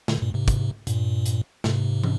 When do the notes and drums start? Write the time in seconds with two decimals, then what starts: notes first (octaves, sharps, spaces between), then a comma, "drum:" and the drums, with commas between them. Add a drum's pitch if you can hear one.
0.08 A#2 D3, drum: snare
0.21 G2 A#2
0.34 G#2 C3
0.48 drum: kick, hi-hat
0.87 G2 A#2, drum: hi-hat
1.26 drum: hi-hat
1.64 G#2 C3, drum: snare
2.04 drum: tom